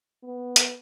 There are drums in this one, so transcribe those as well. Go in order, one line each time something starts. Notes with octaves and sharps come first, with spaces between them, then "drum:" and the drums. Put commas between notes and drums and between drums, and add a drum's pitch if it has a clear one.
B3
drum: hi-hat